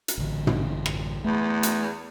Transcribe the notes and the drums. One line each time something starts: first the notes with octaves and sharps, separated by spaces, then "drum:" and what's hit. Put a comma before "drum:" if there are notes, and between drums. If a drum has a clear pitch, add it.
drum: hi-hat
A1 D3
drum: tom
drum: rim click
E2 A3
drum: hi-hat